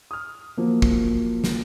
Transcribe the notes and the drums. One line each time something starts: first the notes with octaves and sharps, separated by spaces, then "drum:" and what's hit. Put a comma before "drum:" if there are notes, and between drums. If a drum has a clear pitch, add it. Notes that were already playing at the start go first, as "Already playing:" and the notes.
D#6 F6
F3 F#3 A#3
drum: kick
drum: snare